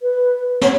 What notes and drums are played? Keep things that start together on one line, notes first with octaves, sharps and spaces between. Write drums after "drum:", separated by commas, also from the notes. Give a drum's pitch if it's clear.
B4
C#5, drum: snare